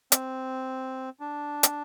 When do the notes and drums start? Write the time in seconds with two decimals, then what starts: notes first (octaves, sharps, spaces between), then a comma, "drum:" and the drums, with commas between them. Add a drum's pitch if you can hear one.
0.12 C4, drum: hi-hat
1.20 D4
1.63 drum: hi-hat